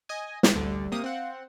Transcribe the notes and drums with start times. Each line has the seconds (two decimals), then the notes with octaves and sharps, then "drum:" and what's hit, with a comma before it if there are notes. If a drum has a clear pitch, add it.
0.09 D#5 G#5
0.43 drum: snare
0.55 A1 D2 D3 G3
0.92 C3 A#3 D#6
1.04 C4 F5 F#5